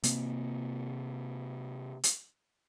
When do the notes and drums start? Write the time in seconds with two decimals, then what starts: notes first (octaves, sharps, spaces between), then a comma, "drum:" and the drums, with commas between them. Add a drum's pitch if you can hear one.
0.03 C3 A#3 C4, drum: hi-hat
2.04 drum: hi-hat